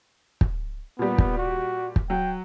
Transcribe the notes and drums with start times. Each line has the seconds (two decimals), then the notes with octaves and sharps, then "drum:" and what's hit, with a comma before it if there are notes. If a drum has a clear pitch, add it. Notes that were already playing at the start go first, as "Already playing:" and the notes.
0.41 drum: kick
0.99 A#2 G3 B3
1.18 drum: kick
1.38 F#4
1.96 drum: kick
2.10 F#3 G5